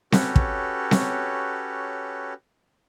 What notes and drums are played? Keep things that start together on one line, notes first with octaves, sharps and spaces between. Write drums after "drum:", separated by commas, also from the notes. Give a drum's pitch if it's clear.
C#4 F#4 G4 A4 B4 C#5, drum: snare C4
drum: kick
drum: snare C4